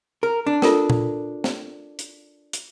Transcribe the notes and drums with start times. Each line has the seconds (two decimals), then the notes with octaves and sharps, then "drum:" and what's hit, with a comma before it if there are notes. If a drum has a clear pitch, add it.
0.23 A#4
0.47 D4
0.62 F4 A4 A#4, drum: snare
0.90 drum: tom A#2
1.44 drum: snare
1.99 drum: hi-hat
2.53 drum: hi-hat